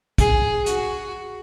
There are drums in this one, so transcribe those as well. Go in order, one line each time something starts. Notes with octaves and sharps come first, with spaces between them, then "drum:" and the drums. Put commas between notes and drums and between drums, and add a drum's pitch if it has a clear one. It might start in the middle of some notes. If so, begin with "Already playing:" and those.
G#4, drum: kick, hi-hat
F#4, drum: hi-hat